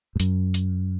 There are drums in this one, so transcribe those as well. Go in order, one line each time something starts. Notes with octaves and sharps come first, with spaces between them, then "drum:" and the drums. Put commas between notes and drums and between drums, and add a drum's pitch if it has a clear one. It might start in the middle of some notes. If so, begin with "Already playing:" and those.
G#2
F#2, drum: hi-hat
drum: hi-hat